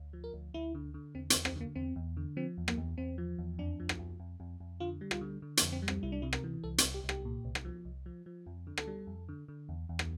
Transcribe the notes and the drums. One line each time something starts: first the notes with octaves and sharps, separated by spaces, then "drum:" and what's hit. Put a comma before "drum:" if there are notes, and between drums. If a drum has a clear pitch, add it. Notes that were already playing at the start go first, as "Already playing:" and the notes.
Already playing: D2
F3
A#4
D2
D2 E4
D3
D3
E2 C4
C4, drum: hi-hat
E2
C4, drum: rim click
D3 A#3
E2 C4
E2
D3
F3 C4
E2
A#3, drum: rim click
E2
E2 C4
F3
E2
F2 D4
F3
drum: rim click
F2
F2
F2
F2
D3 F4
G3
F4, drum: rim click
D3
D3
A#3, drum: hi-hat
F2
C4
G3
C4, drum: rim click
C2 E4
D4
C3 E4
A#4, drum: rim click
E3
C2 A4
C4, drum: hi-hat
C2
G4
C2
G4, drum: rim click
A#2
C2
drum: rim click
F3
C2
F3
F3
F2
D3
A4, drum: rim click
G3
F2
D3
D3
E2
E2
drum: rim click